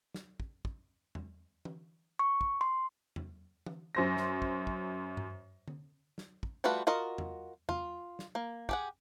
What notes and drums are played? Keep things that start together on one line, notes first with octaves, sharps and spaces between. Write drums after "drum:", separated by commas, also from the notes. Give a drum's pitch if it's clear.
drum: snare
drum: kick
drum: kick
drum: tom E2
drum: tom E3
C#6
drum: kick
C6
drum: tom E2
drum: tom E3
F#2 C5 A#6
drum: snare
drum: kick
drum: kick
drum: tom G2
drum: tom D3
drum: snare
drum: kick
G3 A3 F4 F#4 B4
F4 F#4 A#4 D#5
drum: tom E2
F4, drum: tom E2
drum: snare
A#3
G4 G#4 F#5, drum: kick